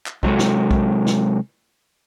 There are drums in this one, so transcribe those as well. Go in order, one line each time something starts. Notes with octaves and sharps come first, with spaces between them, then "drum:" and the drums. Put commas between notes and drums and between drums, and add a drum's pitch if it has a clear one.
drum: clap
C3 F#3 G#3 A4, drum: kick B1
drum: snare
drum: kick B1
drum: snare